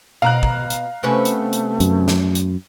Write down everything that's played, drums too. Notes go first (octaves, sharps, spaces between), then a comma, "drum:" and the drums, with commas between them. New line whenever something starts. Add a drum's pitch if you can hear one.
B2 F5 A#5 F#6
drum: kick
drum: hi-hat
C3 A3 B3 C#4
drum: hi-hat
drum: hi-hat
F#2, drum: hi-hat
drum: snare
drum: hi-hat